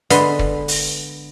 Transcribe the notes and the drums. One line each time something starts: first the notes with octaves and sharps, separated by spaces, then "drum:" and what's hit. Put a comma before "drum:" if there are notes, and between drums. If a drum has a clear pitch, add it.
D3 G#3 B3 B4 C6, drum: hi-hat
drum: kick
drum: open hi-hat